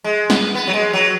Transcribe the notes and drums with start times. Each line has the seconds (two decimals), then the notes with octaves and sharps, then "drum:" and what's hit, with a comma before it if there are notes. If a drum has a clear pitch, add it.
0.04 G#3
0.30 B3, drum: snare
0.55 B3
0.67 F#3
0.73 G#3
0.93 F#3